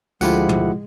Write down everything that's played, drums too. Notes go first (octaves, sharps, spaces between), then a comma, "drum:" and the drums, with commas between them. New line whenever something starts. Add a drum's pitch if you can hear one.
D2 F3 G#3 A3 E4 F4 G4 F#5, drum: tambourine
drum: tom